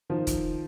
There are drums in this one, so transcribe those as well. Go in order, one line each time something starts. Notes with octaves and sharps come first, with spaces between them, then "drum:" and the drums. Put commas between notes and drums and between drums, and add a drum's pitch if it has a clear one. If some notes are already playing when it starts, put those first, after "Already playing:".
D#3 F3
drum: kick, hi-hat